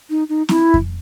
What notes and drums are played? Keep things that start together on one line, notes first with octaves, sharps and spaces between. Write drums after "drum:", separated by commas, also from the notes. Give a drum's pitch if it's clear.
D#4
D#4
E4, drum: snare C4
drum: kick F2